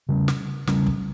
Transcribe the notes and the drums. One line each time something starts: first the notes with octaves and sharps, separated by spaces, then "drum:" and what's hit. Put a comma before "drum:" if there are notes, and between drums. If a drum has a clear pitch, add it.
C#3 G3 C#4
drum: snare
C#3 G3 C#4, drum: snare
drum: kick